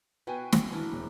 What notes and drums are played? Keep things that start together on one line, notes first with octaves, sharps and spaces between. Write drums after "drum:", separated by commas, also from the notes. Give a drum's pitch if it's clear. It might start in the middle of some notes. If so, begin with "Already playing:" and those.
B2 F#4 B4 G5 G#5
drum: snare
D4 E4 A#4
E1